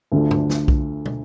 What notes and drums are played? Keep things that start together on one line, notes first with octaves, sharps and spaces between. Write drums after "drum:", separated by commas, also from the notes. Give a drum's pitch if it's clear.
D2 D3 A3 D4 F4
drum: tom G2
drum: snare
drum: kick B1
drum: tom